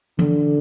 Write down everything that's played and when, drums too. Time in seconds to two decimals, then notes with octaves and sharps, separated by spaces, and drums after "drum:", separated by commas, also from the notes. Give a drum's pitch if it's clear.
0.19 D3, drum: tom E3